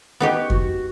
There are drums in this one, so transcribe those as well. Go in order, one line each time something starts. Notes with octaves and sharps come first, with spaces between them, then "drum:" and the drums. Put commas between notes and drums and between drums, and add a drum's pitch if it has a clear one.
B3 D#4 G4
C#6
F#4, drum: kick F2